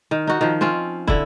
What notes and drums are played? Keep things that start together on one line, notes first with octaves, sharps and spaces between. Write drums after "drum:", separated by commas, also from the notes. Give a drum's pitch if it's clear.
D#3
D#4 F#4
D#3 F3
C4 C#4 F4
D3 E4, drum: kick